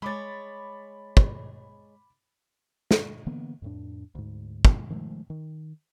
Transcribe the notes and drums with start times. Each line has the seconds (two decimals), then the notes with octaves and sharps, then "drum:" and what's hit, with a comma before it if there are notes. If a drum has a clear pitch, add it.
0.02 G#3 C#5 B5 D6 A6
1.17 drum: kick
2.91 drum: snare
3.26 D3 E3 A#3 B3
3.62 F2 A2 D4
4.15 D2 G#2
4.65 drum: kick
4.90 D#3 F3 G#3 A3
5.30 D#3